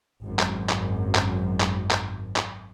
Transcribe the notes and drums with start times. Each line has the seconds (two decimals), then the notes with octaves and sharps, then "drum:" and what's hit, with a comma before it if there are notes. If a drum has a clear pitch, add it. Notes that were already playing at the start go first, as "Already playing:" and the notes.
0.24 G#1 F#2
0.39 drum: clap
0.69 drum: clap
1.15 drum: clap
1.60 drum: clap
1.91 drum: clap
2.36 drum: clap